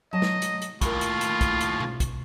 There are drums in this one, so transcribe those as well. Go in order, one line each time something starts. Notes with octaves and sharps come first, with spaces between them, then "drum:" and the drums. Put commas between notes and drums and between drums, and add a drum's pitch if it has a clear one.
F#3 D#5 A5
drum: snare
drum: hi-hat
drum: hi-hat
D#2 A2 A3 E4 F4 A#4, drum: kick, hi-hat
drum: hi-hat
drum: hi-hat
drum: kick, hi-hat
drum: hi-hat
drum: tom B2
drum: kick, hi-hat